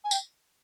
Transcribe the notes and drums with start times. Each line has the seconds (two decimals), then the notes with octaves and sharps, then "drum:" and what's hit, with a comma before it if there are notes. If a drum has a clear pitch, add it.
0.04 G#5
0.11 G5, drum: tambourine